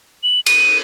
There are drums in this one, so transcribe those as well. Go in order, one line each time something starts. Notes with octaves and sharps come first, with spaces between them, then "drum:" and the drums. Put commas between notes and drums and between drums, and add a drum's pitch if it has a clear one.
F#7
D#7, drum: cymbal